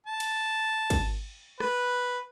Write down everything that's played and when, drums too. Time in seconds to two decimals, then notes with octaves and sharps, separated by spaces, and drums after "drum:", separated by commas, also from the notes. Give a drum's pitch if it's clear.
0.07 A5
0.20 drum: cymbal
0.90 drum: kick, cymbal
1.60 B4, drum: rim click